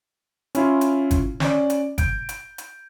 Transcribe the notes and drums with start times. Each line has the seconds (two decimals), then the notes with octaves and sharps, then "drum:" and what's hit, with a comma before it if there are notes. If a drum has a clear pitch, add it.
0.55 C#4 E4 F4, drum: hi-hat
0.81 drum: hi-hat
1.11 drum: kick G1, hi-hat
1.40 C#4 D5, drum: snare
1.70 drum: hi-hat
1.98 G6 D7, drum: kick G1, hi-hat
2.29 drum: hi-hat
2.58 drum: hi-hat